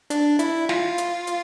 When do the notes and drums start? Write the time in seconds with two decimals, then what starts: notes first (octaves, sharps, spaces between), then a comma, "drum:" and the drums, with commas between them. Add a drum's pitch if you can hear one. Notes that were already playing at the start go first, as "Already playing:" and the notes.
0.10 D4, drum: hi-hat
0.39 E4, drum: hi-hat
0.69 F4, drum: snare
0.98 drum: hi-hat
1.27 drum: hi-hat